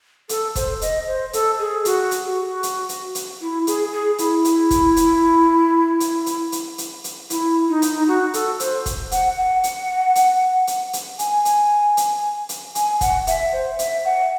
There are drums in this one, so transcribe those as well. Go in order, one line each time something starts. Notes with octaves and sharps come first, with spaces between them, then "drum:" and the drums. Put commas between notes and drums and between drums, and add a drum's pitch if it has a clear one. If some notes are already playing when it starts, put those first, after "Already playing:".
A4, drum: hi-hat
C5, drum: kick, hi-hat
D#5, drum: hi-hat
C5
A4, drum: hi-hat
G#4
F#4, drum: hi-hat
drum: hi-hat
G#4
F#4
drum: hi-hat
drum: hi-hat
drum: hi-hat
E4
G#4, drum: hi-hat
G#4
E4, drum: hi-hat
drum: hi-hat
drum: kick, hi-hat
drum: hi-hat
drum: hi-hat
drum: hi-hat
drum: hi-hat
drum: hi-hat
drum: hi-hat
E4, drum: hi-hat
D#4
drum: hi-hat
D#4
F#4
A4, drum: hi-hat
C5, drum: hi-hat
drum: kick, hi-hat
F#5, drum: hi-hat
F#5
drum: hi-hat
drum: hi-hat
drum: hi-hat
drum: hi-hat
G#5, drum: hi-hat
drum: hi-hat
drum: hi-hat
drum: hi-hat
G#5, drum: hi-hat
F#5, drum: kick, hi-hat
E5, drum: hi-hat
C5
E5, drum: hi-hat
F#5